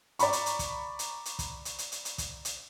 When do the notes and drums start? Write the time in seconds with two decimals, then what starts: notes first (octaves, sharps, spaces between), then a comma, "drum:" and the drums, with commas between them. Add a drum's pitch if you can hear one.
0.19 D5 A#5 B5 C#6, drum: hi-hat
0.33 drum: hi-hat
0.46 drum: hi-hat
0.59 drum: kick, hi-hat
0.99 drum: hi-hat
1.25 drum: hi-hat
1.39 drum: kick, hi-hat
1.65 drum: hi-hat
1.78 drum: hi-hat
1.92 drum: hi-hat
2.05 drum: hi-hat
2.18 drum: kick, hi-hat
2.45 drum: hi-hat